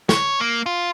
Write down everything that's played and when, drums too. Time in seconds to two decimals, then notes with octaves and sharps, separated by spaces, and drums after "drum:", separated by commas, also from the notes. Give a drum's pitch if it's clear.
0.09 C#5, drum: snare
0.40 A#3
0.66 F4